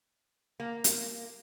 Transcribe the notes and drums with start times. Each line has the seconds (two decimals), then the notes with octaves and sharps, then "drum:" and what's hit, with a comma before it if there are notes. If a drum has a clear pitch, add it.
0.60 A#3
0.84 drum: hi-hat